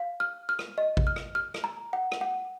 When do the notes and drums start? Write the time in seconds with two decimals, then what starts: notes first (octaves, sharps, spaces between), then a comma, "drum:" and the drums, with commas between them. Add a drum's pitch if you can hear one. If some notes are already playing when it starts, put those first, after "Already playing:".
Already playing: F5
0.20 F6
0.49 F6
0.59 drum: rim click
0.78 D#5
0.97 drum: kick A1
1.07 F6
1.16 drum: rim click
1.35 F6
1.54 drum: rim click
1.64 A#5
1.93 F#5
2.12 drum: rim click
2.21 F#5